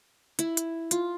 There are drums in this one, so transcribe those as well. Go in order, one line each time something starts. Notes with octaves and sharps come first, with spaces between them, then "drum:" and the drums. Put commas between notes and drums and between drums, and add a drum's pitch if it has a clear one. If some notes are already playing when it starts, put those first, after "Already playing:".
E4, drum: hi-hat
drum: hi-hat
F4, drum: hi-hat